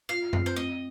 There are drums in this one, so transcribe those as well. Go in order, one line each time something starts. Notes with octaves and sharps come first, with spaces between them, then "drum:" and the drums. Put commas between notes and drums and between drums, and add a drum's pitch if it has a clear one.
F4 F5
C4, drum: tom F#2
C5
C4 D#5